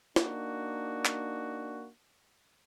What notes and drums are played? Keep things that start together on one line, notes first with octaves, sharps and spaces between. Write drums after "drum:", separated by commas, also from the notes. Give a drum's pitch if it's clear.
A#3 D4 D#4 F#4, drum: snare
drum: clap